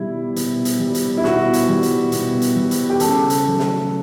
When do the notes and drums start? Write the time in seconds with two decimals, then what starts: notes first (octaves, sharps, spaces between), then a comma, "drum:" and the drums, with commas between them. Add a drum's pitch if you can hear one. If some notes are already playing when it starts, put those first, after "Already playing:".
Already playing: B2 G3 E4
0.36 B2, drum: hi-hat
0.65 drum: hi-hat
0.80 G3
0.95 drum: hi-hat
1.17 E4
1.24 B2 F#4, drum: snare
1.53 drum: hi-hat
1.69 G3
1.83 drum: hi-hat
2.12 B2, drum: hi-hat
2.42 drum: hi-hat
2.56 G3
2.71 drum: hi-hat
2.89 G4
3.00 C#3 A4, drum: hi-hat
3.30 drum: hi-hat
3.45 F#3 A3
3.59 drum: snare